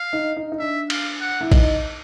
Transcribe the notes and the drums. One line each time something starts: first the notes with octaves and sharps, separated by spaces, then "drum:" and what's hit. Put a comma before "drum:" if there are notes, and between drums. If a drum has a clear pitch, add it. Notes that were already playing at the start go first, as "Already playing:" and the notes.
Already playing: F5
D#4
D#4
D#4
D4 E5
F5, drum: cymbal
F#5
E4
D#4, drum: kick A#1, cymbal